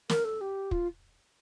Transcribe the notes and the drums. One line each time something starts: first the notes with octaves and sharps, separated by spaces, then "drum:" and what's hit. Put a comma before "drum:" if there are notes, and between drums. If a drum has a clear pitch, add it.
A#4, drum: snare
A4
G4
F4, drum: kick